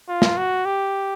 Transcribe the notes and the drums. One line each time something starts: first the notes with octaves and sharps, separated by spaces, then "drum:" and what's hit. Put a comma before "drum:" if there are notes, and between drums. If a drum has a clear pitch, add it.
F4
drum: snare
F#4
G4